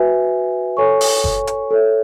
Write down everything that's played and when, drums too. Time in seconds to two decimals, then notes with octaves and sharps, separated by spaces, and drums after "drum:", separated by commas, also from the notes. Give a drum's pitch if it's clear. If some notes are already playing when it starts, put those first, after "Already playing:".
Already playing: F#4 B4 E5 G#5
0.77 A4 C#5 G#5 C#6
1.01 drum: open hi-hat
1.24 drum: kick F#1
1.47 drum: hi-hat
1.71 A4 C#5 E5